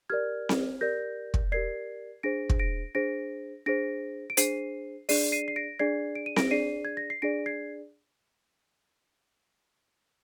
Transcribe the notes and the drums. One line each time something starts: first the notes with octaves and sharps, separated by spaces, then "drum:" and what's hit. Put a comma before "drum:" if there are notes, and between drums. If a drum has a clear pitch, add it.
G4 A#4 D5 F6 G#6
drum: snare C4
G4 A#4 D5 G6 A#6
drum: kick
G4 A#4 D5 G#6 C7
D4 G#4 C5 A#6 D7
drum: kick
A#6 D7
D4 G#4 C5 A#6 D7
D4 G#4 C5 A#6 D7
D7
D4 G#4 C5 C7 D#7, drum: hi-hat
D4 G#4 D5 C7 D#7, drum: open hi-hat
C7 D#7
C7
A#6 D7
D4 G#4 D5 G#6 C7
D7
D#7
A#6 D7, drum: snare C4
D4 G#4 D5 C7 D#7
G#6
A#6
C7
D4 G#4 D5 A#6 D7
G#6 C7